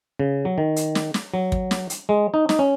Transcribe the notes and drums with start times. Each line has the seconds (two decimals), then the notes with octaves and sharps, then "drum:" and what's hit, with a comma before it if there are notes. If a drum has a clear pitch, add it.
0.19 C#3
0.45 F#3
0.58 D#3
0.76 drum: hi-hat
0.95 drum: snare
1.14 drum: snare
1.34 F#3
1.52 drum: kick
1.71 drum: snare
1.90 drum: hi-hat
2.09 G#3
2.34 D#4
2.49 D#4, drum: snare
2.59 C#4